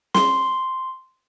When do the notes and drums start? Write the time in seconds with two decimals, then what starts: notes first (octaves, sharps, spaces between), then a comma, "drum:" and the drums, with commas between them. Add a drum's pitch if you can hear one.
0.14 C6, drum: snare